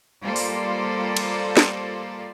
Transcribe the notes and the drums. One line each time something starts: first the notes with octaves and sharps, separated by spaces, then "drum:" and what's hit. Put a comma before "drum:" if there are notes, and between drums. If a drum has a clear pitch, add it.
G3 A#3 F4 A4 C5 D5
drum: open hi-hat
drum: cymbal
drum: snare